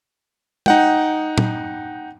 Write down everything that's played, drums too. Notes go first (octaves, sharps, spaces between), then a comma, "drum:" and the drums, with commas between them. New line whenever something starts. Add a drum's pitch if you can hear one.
D#4 F#5 G5, drum: tom
drum: tom